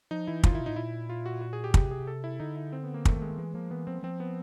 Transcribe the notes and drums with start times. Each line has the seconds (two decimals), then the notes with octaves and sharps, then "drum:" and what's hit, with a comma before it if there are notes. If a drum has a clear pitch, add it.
0.11 F3 D#4
0.27 E3 E4
0.43 F3 F4, drum: kick
0.52 D#3 E4
0.60 B2
0.66 A2 D#4
0.76 A#2 E4
1.10 F4
1.26 F#4
1.41 F#4
1.53 G#4
1.64 G4
1.74 C3 G4, drum: kick
1.91 G#4
2.07 A4
2.24 E4
2.40 D3 D#4
2.56 E4
2.73 C4
2.84 B3
2.94 A#3
3.05 D#3 A3, drum: kick
3.22 G#3
3.38 E3 G#3
3.54 F3 A#3
3.71 E3 B3
3.87 F3 C4
4.03 F3 C4
4.20 B3